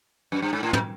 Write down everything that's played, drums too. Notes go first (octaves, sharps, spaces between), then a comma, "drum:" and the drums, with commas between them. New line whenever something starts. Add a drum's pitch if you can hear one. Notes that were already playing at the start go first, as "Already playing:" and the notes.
F#2
G2
G#2
A2
A#2, drum: tom